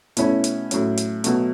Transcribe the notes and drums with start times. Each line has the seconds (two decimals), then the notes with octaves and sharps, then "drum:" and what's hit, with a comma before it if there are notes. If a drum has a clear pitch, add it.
0.17 B2 A3 C#4 E4, drum: hi-hat
0.44 drum: hi-hat
0.71 A2 F#3 C#4, drum: hi-hat
0.97 drum: hi-hat
1.24 B2 F#3 A3, drum: hi-hat